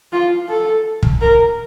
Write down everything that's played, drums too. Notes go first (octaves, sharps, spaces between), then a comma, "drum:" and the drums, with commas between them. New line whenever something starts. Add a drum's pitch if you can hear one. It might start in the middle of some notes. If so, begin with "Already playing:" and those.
F4
A4
drum: kick
A#4